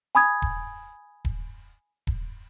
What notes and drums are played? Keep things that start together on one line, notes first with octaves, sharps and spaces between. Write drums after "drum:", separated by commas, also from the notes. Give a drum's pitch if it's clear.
G#5 B5 D#6 G#6
drum: kick D#1
drum: kick D#1
drum: kick D#1